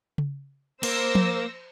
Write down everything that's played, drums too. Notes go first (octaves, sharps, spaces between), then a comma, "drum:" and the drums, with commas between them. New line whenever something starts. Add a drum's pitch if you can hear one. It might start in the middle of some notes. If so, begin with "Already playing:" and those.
drum: tom C#3
A#3 C5 E6 A#6, drum: cymbal
drum: tom F3